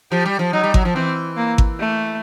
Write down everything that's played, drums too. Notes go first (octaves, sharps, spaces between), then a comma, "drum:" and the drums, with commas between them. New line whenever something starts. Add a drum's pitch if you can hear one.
F3 G4
G3
F3
F#3 D#4
G3
F#3, drum: kick G#1
F3
E3 C4
A#3
drum: kick G#1
A3